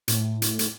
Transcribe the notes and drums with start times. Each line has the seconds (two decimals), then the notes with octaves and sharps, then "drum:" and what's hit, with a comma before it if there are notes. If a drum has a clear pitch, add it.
0.08 A2, drum: hi-hat
0.42 drum: hi-hat
0.59 drum: hi-hat